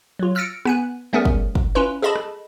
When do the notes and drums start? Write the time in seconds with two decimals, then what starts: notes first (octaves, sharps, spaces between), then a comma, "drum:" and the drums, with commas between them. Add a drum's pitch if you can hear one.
0.19 F#3 F4
0.35 E6 F6 A6 A#6 C#7 D7
0.65 B3 G#5 F#6, drum: rim click
1.13 G3 A3 B3 C#4 G#4 A#4
1.25 drum: kick
1.55 drum: kick
1.75 C#4 E4 F4 B4
2.02 G#4 A4 D#5 A5 B5
2.16 drum: rim click